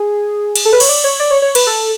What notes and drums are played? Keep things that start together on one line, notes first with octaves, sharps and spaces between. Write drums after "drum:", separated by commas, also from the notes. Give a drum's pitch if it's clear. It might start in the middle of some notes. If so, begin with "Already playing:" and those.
Already playing: G#4
drum: cymbal
A4
B4
C#5, drum: cymbal
D5
C#5
D5
C#5
C#5
B4, drum: cymbal
A4